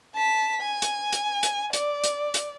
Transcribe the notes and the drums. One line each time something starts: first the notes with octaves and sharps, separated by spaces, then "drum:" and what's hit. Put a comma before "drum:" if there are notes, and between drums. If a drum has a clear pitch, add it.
A5 B6
G#5
drum: hi-hat
drum: hi-hat
drum: hi-hat
D5, drum: hi-hat
drum: hi-hat
drum: hi-hat